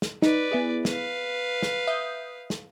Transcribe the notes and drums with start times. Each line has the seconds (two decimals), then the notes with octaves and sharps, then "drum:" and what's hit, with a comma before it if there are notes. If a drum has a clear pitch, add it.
0.02 drum: snare
0.22 D#4 B4 D5, drum: snare
0.51 B3 E4 G#4
0.85 B4 F5, drum: snare
1.63 drum: snare
1.87 E5 D#6 G6
2.50 drum: snare